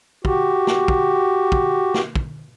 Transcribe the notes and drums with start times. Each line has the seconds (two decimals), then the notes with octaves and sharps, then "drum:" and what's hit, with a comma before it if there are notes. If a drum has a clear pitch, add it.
0.25 F#4 G4, drum: kick
0.67 drum: snare
0.88 drum: kick
1.52 drum: kick
1.94 drum: snare
2.16 drum: kick